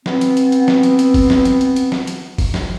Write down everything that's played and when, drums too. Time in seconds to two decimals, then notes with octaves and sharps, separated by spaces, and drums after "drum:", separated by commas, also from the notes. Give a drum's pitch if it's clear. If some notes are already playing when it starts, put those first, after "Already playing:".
0.06 B3 C4, drum: snare
0.21 drum: hi-hat
0.37 drum: hi-hat
0.52 drum: hi-hat
0.68 drum: snare
0.83 drum: hi-hat
0.99 drum: hi-hat
1.14 drum: kick G1, open hi-hat
1.30 drum: snare
1.45 drum: hi-hat
1.61 drum: hi-hat
1.76 drum: hi-hat
1.92 drum: snare
2.07 drum: hi-hat
2.38 drum: kick G1, open hi-hat
2.54 drum: snare